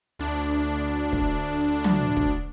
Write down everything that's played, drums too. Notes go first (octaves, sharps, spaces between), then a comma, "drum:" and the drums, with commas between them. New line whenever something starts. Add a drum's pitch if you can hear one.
D2 D4
drum: kick
drum: tom
drum: kick